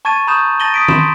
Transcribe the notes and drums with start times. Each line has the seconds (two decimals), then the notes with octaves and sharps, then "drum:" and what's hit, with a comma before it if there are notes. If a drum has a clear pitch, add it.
0.05 A5 C#6 G#6 A6 D#7
0.27 A#5 B5 C#6 D#6 G6 E7
0.60 A5 A6 A#6 D#7 F#7 G7
0.74 D#6 B6 D7
0.88 B5 C6 E7, drum: tom D#3